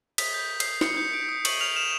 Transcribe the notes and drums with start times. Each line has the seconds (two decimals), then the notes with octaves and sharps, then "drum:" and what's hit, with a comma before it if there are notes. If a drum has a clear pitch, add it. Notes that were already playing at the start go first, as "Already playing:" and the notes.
0.18 D#6 B6, drum: cymbal
0.34 G6
0.50 G6
0.60 C7, drum: cymbal
0.66 D#6
0.81 D#6 C#7, drum: snare
0.97 G6
1.13 G6 D7
1.29 D#6
1.45 C#6 F#7, drum: cymbal
1.60 F6 F7
1.76 F6 E7